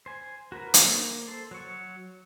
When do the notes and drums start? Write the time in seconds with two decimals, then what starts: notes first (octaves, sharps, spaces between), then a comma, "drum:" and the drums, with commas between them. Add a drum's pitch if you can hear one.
0.06 C5 G#5
0.52 F#4 A#4 B4
0.74 drum: hi-hat
0.86 A#3
1.28 A4 C5
1.51 F#3 C#6